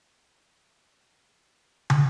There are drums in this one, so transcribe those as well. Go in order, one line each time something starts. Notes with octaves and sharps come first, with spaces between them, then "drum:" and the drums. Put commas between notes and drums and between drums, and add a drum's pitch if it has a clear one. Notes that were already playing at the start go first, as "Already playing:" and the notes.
G2 C#4 C#5
C4 C5
A2 A#3 A#4
B3 B4
C4 C5
drum: tom